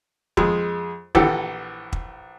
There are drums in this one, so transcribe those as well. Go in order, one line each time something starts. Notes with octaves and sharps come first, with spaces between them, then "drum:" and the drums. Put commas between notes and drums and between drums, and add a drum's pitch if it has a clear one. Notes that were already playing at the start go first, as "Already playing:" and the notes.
F2 G#3, drum: kick
A#1 E3 G4 A4 F#5, drum: kick
drum: kick